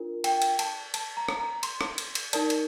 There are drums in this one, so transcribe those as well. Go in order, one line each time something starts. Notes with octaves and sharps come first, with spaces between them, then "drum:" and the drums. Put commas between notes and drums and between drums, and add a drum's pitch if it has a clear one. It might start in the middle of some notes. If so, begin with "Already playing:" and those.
Already playing: D4 F4 A#4
G5, drum: cymbal
drum: cymbal
A5, drum: cymbal
A5, drum: cymbal
A#5
drum: rim click
A#5
C6, drum: cymbal
drum: rim click
drum: cymbal
drum: cymbal
D#4 A#4 D5 A5, drum: cymbal
drum: cymbal